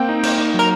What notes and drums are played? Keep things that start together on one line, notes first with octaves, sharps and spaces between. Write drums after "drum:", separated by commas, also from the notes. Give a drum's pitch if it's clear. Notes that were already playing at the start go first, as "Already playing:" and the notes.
Already playing: A#3 C4 G5
D#4
A#3, drum: cymbal
D#4
F#3 A#4